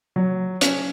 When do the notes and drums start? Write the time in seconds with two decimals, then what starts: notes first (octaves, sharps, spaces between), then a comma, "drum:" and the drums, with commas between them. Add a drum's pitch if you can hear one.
0.16 F#3
0.61 C#4, drum: hi-hat